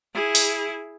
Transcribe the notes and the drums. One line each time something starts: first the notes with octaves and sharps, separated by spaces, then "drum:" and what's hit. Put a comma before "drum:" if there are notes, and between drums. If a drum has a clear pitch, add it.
E4 G#4
drum: open hi-hat